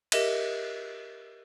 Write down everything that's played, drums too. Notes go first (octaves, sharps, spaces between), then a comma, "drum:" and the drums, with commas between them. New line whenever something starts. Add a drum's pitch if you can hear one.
G4 A#4 D#5 E5, drum: cymbal